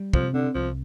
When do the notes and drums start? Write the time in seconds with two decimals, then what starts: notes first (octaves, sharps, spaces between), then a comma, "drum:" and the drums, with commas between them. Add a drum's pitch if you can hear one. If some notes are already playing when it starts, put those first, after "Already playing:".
Already playing: G3
0.13 C3 F3, drum: kick
0.33 D3 C4
0.54 C2 F3